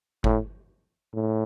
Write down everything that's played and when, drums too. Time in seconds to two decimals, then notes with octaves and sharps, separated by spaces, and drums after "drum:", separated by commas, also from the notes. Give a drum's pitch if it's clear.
0.24 A2, drum: kick G1
1.14 A2